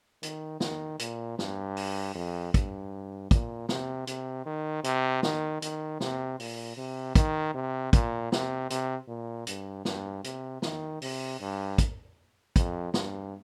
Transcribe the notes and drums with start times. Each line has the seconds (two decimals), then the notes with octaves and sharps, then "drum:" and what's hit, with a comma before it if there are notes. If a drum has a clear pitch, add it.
0.23 D#3, drum: hi-hat
0.60 D#3, drum: snare
0.99 A#2, drum: hi-hat
1.39 G2, drum: snare
1.77 drum: open hi-hat
2.15 F2
2.54 G2, drum: kick, hi-hat
3.31 A#2, drum: kick, hi-hat
3.69 C3, drum: snare
4.07 C3, drum: hi-hat
4.46 D#3
4.84 C3, drum: hi-hat
5.23 D#3, drum: snare
5.62 D#3, drum: hi-hat
6.00 C3, drum: snare
6.40 A#2, drum: open hi-hat
6.77 C3
7.15 D#3, drum: kick, hi-hat
7.55 C3
7.93 A#2, drum: kick, hi-hat
8.32 C3, drum: snare
8.70 C3, drum: hi-hat
9.08 A#2
9.47 G2, drum: hi-hat
9.85 G2, drum: snare
10.24 C3, drum: hi-hat
10.62 D#3, drum: snare
11.02 C3, drum: open hi-hat
11.40 G2
11.78 drum: kick, hi-hat
12.56 F2, drum: kick, hi-hat
12.94 G2, drum: snare